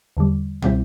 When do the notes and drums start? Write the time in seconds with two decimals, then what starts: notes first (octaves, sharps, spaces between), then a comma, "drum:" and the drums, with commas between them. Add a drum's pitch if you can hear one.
0.17 E2 D3 G3
0.62 B2 G3 C4 E4, drum: tom